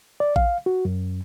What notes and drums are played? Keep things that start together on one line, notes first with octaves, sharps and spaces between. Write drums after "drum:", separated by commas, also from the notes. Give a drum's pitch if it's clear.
D5
F5, drum: kick A#1
F#4
F#2